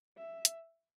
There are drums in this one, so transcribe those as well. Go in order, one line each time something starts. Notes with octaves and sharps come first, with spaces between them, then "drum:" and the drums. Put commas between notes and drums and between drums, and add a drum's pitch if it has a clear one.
E5
drum: hi-hat